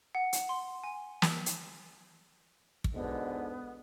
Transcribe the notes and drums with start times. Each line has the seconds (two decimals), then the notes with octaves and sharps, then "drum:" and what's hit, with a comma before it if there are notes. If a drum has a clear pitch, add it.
0.15 F#5
0.33 drum: hi-hat
0.49 C6
0.84 G#5
1.22 B6, drum: snare
1.46 drum: hi-hat
2.84 drum: kick
2.94 G#2 B2 D3 B3